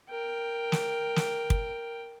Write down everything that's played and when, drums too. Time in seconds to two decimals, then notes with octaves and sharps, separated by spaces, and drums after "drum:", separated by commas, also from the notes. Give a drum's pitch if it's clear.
0.11 A#4 G5
0.72 drum: snare
1.16 drum: snare
1.50 drum: kick